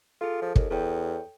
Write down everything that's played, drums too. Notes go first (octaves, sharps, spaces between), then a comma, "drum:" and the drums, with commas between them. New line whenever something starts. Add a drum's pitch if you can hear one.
F4 G#4 A4
F3
D#2, drum: kick
E2 A4 C#5 G5